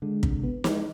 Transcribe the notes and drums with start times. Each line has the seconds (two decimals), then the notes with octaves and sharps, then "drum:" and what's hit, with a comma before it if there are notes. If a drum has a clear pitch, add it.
0.02 D3 G#3
0.23 C3, drum: kick
0.43 B3
0.64 E3 G#3, drum: snare